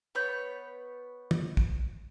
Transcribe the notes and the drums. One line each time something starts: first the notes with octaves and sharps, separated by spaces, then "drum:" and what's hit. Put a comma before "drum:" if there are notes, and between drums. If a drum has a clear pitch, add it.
B3 B4 C#5 G6
drum: tom
drum: kick